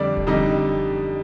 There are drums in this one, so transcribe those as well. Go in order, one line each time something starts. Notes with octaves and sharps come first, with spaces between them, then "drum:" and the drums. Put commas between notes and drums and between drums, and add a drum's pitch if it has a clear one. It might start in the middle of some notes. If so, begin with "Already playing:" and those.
Already playing: F2 D3 G3 D4 D5
drum: kick D1
F2 D3 G3 D#4 D#5